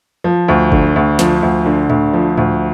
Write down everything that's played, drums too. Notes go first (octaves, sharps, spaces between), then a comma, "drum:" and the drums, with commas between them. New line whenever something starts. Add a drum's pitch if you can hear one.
F3
D2
D3, drum: kick
D2
F3, drum: snare
D2
D3
D2, drum: tom A2
F3
D2, drum: tom A2